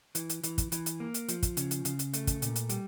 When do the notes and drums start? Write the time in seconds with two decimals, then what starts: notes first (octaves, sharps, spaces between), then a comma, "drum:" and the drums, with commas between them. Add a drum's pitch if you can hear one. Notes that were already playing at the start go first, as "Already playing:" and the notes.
0.15 E3, drum: hi-hat
0.29 drum: hi-hat
0.43 E3, drum: hi-hat
0.58 drum: kick, hi-hat
0.72 E3, drum: hi-hat
0.86 drum: hi-hat
1.00 A#3
1.14 drum: hi-hat
1.28 F3, drum: hi-hat
1.43 drum: kick, hi-hat
1.57 C#3, drum: hi-hat
1.71 drum: hi-hat
1.85 C#3, drum: hi-hat
1.99 drum: hi-hat
2.13 A3, drum: hi-hat
2.27 drum: kick, hi-hat
2.42 A#2, drum: hi-hat
2.56 drum: hi-hat
2.69 G3, drum: hi-hat